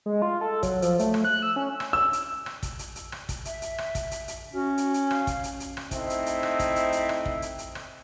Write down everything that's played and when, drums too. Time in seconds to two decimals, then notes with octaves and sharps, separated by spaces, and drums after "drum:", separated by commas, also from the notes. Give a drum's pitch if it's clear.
0.06 G#3
0.22 F4
0.41 A4
0.63 F#3, drum: kick, hi-hat
0.82 F3, drum: hi-hat
0.99 A3, drum: hi-hat
1.14 drum: rim click
1.24 F#6
1.42 E6
1.56 C#4
1.80 drum: rim click
1.93 E6
2.13 drum: hi-hat
2.46 drum: rim click
2.63 drum: kick, hi-hat
2.79 drum: hi-hat
2.96 drum: hi-hat
3.12 drum: rim click
3.29 drum: kick, hi-hat
3.45 E5, drum: hi-hat
3.62 drum: hi-hat
3.78 drum: rim click
3.95 drum: kick, hi-hat
4.11 drum: hi-hat
4.28 drum: hi-hat
4.53 C#4 F#4
4.78 drum: hi-hat
4.94 drum: hi-hat
5.11 F5, drum: rim click
5.27 drum: kick, hi-hat
5.44 drum: hi-hat
5.60 drum: hi-hat
5.77 drum: rim click
5.91 A3 C4 D#4 E4, drum: kick, hi-hat
6.10 drum: hi-hat
6.26 drum: hi-hat
6.43 drum: rim click
6.59 drum: kick, hi-hat
6.76 drum: hi-hat
6.93 drum: hi-hat
7.09 drum: rim click
7.26 drum: kick
7.42 drum: hi-hat
7.59 drum: hi-hat
7.75 drum: rim click